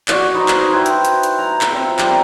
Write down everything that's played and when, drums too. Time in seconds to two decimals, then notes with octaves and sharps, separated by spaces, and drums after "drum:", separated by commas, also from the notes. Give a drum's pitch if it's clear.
0.08 F#4 D5 D#5, drum: clap
0.34 D#4 B4 C5 D#5
0.48 drum: clap
0.72 E4 B4 C5 G5
0.86 drum: hi-hat
1.05 drum: hi-hat
1.23 drum: hi-hat
1.38 A#5
1.61 drum: clap
1.72 C4 F4 E5
1.99 G3 G4 A#4, drum: clap